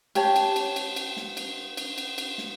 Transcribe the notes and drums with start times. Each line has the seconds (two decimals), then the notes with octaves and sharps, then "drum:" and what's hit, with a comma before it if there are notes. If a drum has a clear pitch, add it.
0.15 G4 C#5 A5, drum: cymbal
0.36 drum: cymbal
0.56 drum: cymbal
0.76 drum: cymbal
0.96 drum: cymbal
1.17 drum: snare
1.37 drum: cymbal
1.77 drum: cymbal
1.98 drum: cymbal
2.18 drum: cymbal
2.38 drum: snare